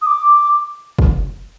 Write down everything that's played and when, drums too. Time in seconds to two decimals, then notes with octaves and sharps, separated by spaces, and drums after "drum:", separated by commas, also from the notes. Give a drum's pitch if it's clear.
0.02 D#6
0.07 D6
0.99 drum: kick